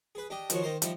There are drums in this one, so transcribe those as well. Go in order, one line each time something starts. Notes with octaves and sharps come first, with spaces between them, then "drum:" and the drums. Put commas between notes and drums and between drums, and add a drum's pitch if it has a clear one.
G#4 B4
D4 G4 D#5
D#3 F3 F4 F#4 C#5, drum: hi-hat
D#3 D#4 A#4 C5
F3 G3 D#4 E4, drum: hi-hat